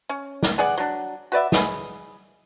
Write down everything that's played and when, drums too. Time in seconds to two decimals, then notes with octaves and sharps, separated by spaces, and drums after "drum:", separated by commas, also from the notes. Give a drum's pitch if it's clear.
0.09 C#4
0.43 drum: snare
0.58 B3 G#4 D5 F#5
0.78 F#3 D4
1.32 F#4 B4 D5 E5
1.52 G#4 B4 D#5, drum: snare